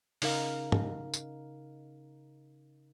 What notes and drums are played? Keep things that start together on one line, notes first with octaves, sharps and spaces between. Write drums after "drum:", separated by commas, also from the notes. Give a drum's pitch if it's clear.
C#3 D#4 A#4 F5, drum: open hi-hat
drum: tom
drum: tambourine